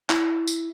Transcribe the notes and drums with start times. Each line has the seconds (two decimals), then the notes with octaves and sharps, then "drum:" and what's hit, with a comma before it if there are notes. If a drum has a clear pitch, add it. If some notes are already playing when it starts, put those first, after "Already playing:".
0.10 E4, drum: clap
0.47 drum: tambourine